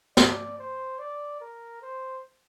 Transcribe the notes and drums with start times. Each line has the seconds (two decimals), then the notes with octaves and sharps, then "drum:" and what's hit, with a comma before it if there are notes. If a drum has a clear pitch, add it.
0.17 D5, drum: snare
0.59 C5
0.99 D5
1.41 A#4
1.82 C5